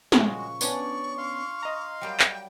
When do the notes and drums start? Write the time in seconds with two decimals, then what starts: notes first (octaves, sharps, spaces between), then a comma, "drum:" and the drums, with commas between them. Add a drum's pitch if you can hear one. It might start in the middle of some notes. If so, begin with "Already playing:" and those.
0.12 A#2 C#3 F3 G#3 F#4, drum: snare
0.38 C#6
0.61 B3 C#4 D4 B4 C#5 D5, drum: tambourine
1.18 F5 C6
1.63 D#5 A#5
2.01 F#3 G3 A#3 G5
2.20 drum: clap